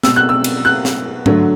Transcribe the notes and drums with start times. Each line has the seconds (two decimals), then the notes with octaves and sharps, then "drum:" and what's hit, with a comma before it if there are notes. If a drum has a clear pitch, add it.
0.03 B2 B3 E6, drum: snare
0.16 F#6
0.29 E6
0.44 drum: cymbal
0.65 F#6
0.85 drum: snare
1.26 D3 F#3 A3, drum: tom G#2